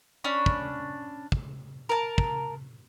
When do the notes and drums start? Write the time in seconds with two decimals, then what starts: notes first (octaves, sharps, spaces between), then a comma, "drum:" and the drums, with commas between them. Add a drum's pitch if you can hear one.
0.24 C#4 D4 B5
0.46 drum: kick
1.32 drum: kick
1.89 A#4 A5
2.18 drum: kick